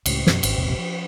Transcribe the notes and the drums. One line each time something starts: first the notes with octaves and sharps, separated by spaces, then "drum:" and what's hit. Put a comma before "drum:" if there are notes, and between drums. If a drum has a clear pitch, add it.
C#2 A2, drum: cymbal
F#2 B2, drum: snare
G#1, drum: cymbal
E1 A#1 G#2 C3
F3